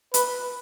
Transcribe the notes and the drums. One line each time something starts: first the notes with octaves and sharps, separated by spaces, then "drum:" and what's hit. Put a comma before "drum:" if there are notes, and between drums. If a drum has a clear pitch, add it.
B4, drum: hi-hat